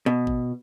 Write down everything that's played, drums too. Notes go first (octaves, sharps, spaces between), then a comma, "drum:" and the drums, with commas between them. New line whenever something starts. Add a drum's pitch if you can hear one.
B2
drum: kick G#1